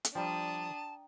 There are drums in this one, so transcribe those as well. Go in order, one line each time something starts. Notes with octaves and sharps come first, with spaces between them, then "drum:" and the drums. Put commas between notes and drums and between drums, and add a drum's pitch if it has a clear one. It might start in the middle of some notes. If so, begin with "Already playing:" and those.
drum: hi-hat
F3 G3 D4 G5 A5 A#5 D#6